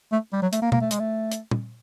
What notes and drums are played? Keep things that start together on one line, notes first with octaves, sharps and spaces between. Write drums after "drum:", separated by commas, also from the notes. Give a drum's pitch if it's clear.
A3
G3
F#3
A3, drum: hi-hat
A#3
A#3, drum: tom B2
A3
G#3, drum: hi-hat
A3
drum: hi-hat
drum: tom